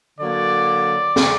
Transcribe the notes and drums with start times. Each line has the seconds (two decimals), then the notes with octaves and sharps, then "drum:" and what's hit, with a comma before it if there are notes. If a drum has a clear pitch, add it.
0.19 D3 F#3 A#3 D5
1.16 drum: snare